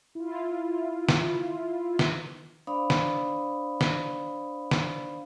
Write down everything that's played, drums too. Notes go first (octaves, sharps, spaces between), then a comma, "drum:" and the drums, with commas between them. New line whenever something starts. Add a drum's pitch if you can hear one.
E4 F4
drum: snare
drum: snare
D4 C5 D5 F5 B5 D#6
drum: snare
drum: snare
drum: snare